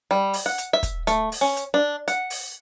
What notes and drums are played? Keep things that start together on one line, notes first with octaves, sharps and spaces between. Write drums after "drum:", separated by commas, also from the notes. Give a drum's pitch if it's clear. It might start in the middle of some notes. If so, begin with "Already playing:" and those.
G3
drum: open hi-hat
F#5
drum: hi-hat
E5
drum: kick, hi-hat
A3, drum: hi-hat
drum: open hi-hat
C#4
drum: hi-hat
D4
F#5, drum: hi-hat
drum: open hi-hat